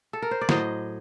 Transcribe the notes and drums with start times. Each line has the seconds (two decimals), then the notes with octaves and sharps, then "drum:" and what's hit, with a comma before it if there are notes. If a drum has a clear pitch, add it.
0.13 A4
0.22 A#4
0.31 C5
0.41 D5
0.49 A2 F#3 C5 D#5, drum: snare